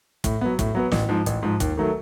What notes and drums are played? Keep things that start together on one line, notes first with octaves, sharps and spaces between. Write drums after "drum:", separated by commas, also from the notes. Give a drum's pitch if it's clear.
A2, drum: kick, hi-hat
F#3 B3
A2, drum: kick, hi-hat
F#3 B3
A1, drum: snare
G#2 F3
A1, drum: hi-hat
G#2 F3
D#2, drum: kick, hi-hat
D#3 F#3 A3